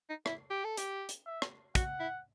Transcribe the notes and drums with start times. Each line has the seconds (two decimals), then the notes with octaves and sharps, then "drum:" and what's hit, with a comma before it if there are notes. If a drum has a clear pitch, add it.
0.09 D#4
0.26 E4, drum: rim click
0.50 G4
0.64 A4
0.77 G4, drum: hi-hat
1.09 drum: hi-hat
1.26 E5
1.42 drum: rim click
1.75 F#4 F#5, drum: kick, hi-hat
1.99 E4